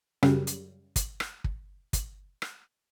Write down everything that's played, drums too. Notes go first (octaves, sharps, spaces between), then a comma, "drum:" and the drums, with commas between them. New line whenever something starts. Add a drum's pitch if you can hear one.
F#2 C#3 G3, drum: rim click
drum: hi-hat
drum: kick, hi-hat
drum: rim click
drum: kick
drum: kick, hi-hat
drum: rim click